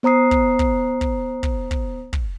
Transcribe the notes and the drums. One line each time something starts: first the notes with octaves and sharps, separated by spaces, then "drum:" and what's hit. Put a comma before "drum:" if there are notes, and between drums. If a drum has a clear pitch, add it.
B3 C5 A#5 D#6 C7
drum: kick
drum: kick
drum: kick
drum: kick
drum: kick
drum: kick